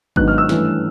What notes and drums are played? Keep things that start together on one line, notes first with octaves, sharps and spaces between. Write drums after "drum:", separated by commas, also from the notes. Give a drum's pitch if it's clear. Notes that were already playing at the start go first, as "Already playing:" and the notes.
G#2 D#3 F#3 B3 D4 F#6, drum: kick G#1
F6
E6
G2 E3 A3 C#4, drum: snare